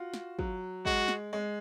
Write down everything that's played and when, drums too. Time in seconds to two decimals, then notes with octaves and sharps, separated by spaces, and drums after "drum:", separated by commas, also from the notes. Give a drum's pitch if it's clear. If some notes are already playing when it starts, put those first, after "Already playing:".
Already playing: F4 F#4
0.14 drum: snare
0.39 F#3, drum: kick
0.85 G#3 F#4, drum: kick
1.08 drum: snare
1.33 G#3